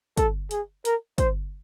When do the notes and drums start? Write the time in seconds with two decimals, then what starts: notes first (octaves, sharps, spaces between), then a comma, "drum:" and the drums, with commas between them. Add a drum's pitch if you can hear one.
0.17 A4, drum: kick, hi-hat
0.51 G#4, drum: hi-hat
0.85 A#4, drum: hi-hat
1.18 C5, drum: kick, hi-hat